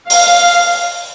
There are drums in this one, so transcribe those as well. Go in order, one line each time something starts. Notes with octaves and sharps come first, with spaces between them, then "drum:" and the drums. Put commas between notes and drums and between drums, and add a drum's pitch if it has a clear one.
F5, drum: open hi-hat